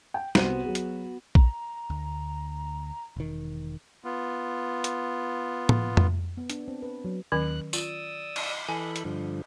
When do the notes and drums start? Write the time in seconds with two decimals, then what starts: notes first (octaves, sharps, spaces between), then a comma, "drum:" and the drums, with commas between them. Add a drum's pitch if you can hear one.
0.14 G5
0.35 C2 B3 F#4 C5 D#7, drum: snare
0.64 F#3 G#4
0.75 drum: hi-hat
1.35 A#5, drum: kick A#1
1.90 D2
3.17 E1 D#3
4.05 B3 F4
4.84 drum: hi-hat
5.69 drum: tom A2
5.97 drum: tom F2
6.37 B3
6.50 D4, drum: hi-hat
6.68 C4
6.83 B4
7.05 F#3
7.32 D#2 D#3 F#3 C#4 F#6
7.73 F4 D5 D#6 E6, drum: tambourine
8.36 drum: cymbal
8.69 E3 A4 G#5 B5
8.96 drum: hi-hat
9.05 G2 D3 F3